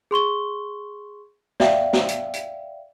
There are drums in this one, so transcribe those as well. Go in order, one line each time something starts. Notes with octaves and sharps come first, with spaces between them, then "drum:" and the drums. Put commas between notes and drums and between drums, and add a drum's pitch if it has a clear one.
G#4 C6 C#6 G7
D5 E5 F5 G5, drum: snare
drum: snare
drum: hi-hat
drum: hi-hat